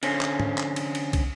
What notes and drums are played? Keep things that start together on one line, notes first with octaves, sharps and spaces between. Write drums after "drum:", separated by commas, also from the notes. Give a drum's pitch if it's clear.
D3 C4 C#4, drum: cymbal
drum: clap
drum: tom
drum: clap
drum: cymbal
drum: cymbal
drum: kick, cymbal